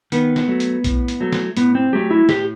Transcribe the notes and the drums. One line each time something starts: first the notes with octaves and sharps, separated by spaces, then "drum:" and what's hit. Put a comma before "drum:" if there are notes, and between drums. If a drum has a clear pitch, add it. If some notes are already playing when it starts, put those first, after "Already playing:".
D#3 B3, drum: hi-hat
drum: snare
F#3 A3
drum: hi-hat
A2, drum: kick B1, hi-hat
drum: hi-hat
F#3 A3
drum: snare
A2 B3, drum: hi-hat
C4
F#3 A3 G4
E4
A2 G4, drum: snare